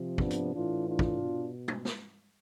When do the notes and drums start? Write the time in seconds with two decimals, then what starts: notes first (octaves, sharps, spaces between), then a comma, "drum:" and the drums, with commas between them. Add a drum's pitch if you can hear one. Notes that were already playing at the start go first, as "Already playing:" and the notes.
Already playing: C3 F3
0.18 B3 D4, drum: kick
0.31 drum: hi-hat
0.53 A2 E3 D4 F4
0.88 D4 F4
0.99 drum: kick
1.22 B2
1.68 drum: tom
1.85 drum: snare